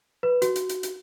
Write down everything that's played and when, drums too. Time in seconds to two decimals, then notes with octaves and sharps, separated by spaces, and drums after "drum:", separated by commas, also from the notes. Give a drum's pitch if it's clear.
0.23 B4
0.42 F#4, drum: hi-hat
0.56 drum: hi-hat
0.69 drum: hi-hat
0.83 drum: hi-hat